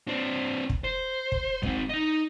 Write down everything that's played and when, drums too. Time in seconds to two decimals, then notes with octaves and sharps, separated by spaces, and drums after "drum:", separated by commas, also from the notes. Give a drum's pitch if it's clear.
0.07 C4 D4
0.69 drum: kick
0.84 C5
1.32 drum: kick
1.63 G#3 C4, drum: kick
1.89 D#4 D#5